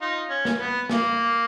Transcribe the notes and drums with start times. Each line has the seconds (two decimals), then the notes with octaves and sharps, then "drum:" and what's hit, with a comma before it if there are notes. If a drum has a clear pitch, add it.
0.01 D#4 F4
0.30 C#4
0.45 drum: snare
0.60 B3
0.89 A#3, drum: snare